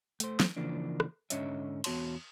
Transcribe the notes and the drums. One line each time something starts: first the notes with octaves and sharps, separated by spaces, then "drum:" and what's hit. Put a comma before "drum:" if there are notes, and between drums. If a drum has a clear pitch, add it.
A3 C5, drum: hi-hat
drum: snare
C#3 E3 F3 A#3 D4
drum: rim click
G#2 D3 C#4 C#5 D#5 E5, drum: hi-hat
E2 B3 F#4 C#5 A5 C6, drum: cymbal